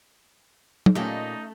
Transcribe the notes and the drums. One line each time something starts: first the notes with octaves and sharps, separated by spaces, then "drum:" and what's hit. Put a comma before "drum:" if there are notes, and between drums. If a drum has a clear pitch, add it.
drum: tom F#3
A#2 A3 C#4 D#4 F4 G4 D#5